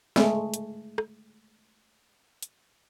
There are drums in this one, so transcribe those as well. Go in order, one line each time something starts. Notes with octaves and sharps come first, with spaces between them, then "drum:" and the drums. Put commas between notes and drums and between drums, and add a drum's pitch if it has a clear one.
G#3 A3, drum: snare
drum: hi-hat
drum: rim click
drum: hi-hat